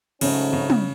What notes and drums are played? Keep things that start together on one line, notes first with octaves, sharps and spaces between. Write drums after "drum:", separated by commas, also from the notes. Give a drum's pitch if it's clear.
G#2 C#3 F#3 A3 C#4, drum: cymbal
C#3
drum: tom